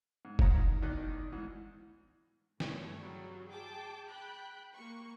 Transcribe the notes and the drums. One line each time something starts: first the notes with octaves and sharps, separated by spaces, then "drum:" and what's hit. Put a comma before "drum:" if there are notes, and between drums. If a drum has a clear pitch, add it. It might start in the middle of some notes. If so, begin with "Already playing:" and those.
G#2
C5 C#5 F5 F#5 A#5 D#6, drum: kick F#1
D#4
E2 A2 D#3 D#4 D5 F#6
G#2 E3
G2 A3 C#5, drum: snare
C#3 F#3 G3
G#4 G5 A5 D6
G5 B5 F#6
A#3 C#6